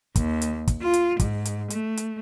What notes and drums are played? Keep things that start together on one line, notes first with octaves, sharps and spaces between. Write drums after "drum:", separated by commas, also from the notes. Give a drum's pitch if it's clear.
D#2, drum: kick, hi-hat
drum: hi-hat
drum: kick, hi-hat
F4
drum: hi-hat
G#2, drum: kick, hi-hat
drum: hi-hat
A3, drum: hi-hat
drum: hi-hat